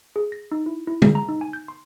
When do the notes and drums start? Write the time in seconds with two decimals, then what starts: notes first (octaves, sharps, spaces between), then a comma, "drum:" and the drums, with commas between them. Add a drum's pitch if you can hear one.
0.16 G#4
0.32 A#6
0.52 D#4
0.66 E4
0.87 E4
1.02 G#4, drum: tom
1.15 A#5
1.29 D#4
1.41 G#5
1.53 G6
1.68 C6